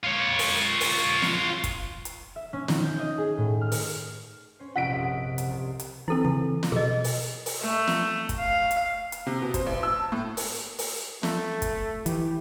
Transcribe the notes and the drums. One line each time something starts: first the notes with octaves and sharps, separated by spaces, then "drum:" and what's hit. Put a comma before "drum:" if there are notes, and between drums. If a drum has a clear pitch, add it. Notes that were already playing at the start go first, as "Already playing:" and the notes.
F4 C#5
drum: open hi-hat
drum: open hi-hat
drum: snare
drum: kick, hi-hat
drum: hi-hat
E5
C#4
D#3, drum: snare
G6
D#5
G#4
A2
F6
drum: open hi-hat
C#4 C5
A#1 C3 F3 F#5 B6 D7
F#1 D#5 E5
drum: hi-hat
C2
drum: hi-hat
E3 C4 E4 A4
C#3 E3
drum: snare
B2 G#4 A4 D#5
drum: open hi-hat
drum: open hi-hat
A3
drum: snare
drum: kick, hi-hat
F5
drum: hi-hat
drum: hi-hat
C3
B2
C5, drum: kick, hi-hat
A1
E6
A5
A2
drum: open hi-hat
drum: open hi-hat
A3, drum: snare
drum: kick, hi-hat
E3 G4, drum: hi-hat